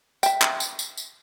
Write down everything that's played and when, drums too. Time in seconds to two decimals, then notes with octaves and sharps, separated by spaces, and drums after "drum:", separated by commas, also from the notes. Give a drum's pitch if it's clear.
0.23 E5 G5, drum: tambourine
0.42 drum: clap
0.60 drum: tambourine
0.79 drum: tambourine
0.97 drum: tambourine